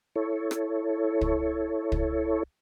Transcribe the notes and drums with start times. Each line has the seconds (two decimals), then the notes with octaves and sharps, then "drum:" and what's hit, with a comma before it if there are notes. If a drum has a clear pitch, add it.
0.16 E4 A4 C#5
0.51 drum: rim click
1.21 drum: kick
1.92 drum: kick